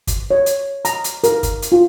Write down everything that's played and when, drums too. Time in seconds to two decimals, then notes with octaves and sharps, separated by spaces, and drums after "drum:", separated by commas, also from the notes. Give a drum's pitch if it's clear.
0.07 drum: kick, hi-hat
0.31 C#5
0.46 drum: hi-hat
0.85 A#5, drum: hi-hat
1.04 drum: hi-hat
1.24 A#4, drum: hi-hat
1.43 drum: kick, hi-hat
1.62 drum: hi-hat
1.72 F4